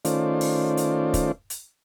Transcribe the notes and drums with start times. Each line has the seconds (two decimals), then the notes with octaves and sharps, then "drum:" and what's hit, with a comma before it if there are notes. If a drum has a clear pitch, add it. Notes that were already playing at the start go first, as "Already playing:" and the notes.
0.05 D#3 A3 C#4 F4 C5 D5, drum: hi-hat
0.41 drum: open hi-hat
0.77 drum: hi-hat
1.14 drum: kick, hi-hat
1.50 drum: hi-hat